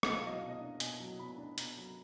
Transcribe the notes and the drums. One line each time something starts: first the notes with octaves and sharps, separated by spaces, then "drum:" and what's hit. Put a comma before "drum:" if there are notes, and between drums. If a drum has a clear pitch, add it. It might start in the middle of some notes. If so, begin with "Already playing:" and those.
B2 D#5, drum: rim click
F5
F#3 D#5
B2 F5
D#5
D4
B2 G#5, drum: hi-hat
F#3
B2 B5
D4
B2 A#5, drum: hi-hat
F#3